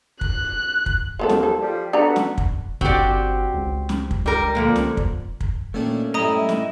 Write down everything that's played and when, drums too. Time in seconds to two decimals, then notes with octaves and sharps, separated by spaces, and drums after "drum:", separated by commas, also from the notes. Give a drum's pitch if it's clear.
0.21 F#6, drum: kick
0.86 drum: kick
1.19 D#2 F3 G#3 B3 A4
1.29 drum: snare
1.43 A4
1.61 F3 G3
1.93 B3 D4 F#4 A4 A#5
2.16 drum: snare
2.38 drum: kick
2.81 G1 C4 F#4 G4 D5, drum: kick
3.54 C#2
3.89 drum: snare
4.11 drum: kick
4.26 G3 A#4
4.55 D3 F3 A#3
4.76 drum: snare
4.97 drum: kick
5.41 drum: kick
5.74 A#2 D#3 A3 C#4 D4
6.14 F#2 A2 G3 E4 D#5 A#5 D#6
6.49 drum: snare